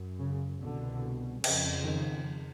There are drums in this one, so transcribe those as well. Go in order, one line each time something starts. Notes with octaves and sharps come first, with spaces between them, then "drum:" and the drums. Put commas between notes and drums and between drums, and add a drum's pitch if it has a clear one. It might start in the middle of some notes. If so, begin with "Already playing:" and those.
Already playing: F#2
C#3
C2 B2 D3
F2 C#3, drum: cymbal
D#3